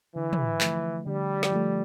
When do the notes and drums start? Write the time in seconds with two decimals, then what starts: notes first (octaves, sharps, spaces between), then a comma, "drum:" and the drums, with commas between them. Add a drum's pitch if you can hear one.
0.16 D3 E3
0.33 drum: tom
0.61 F3 A3, drum: clap
1.06 D3 G3
1.43 drum: snare
1.52 F3 A3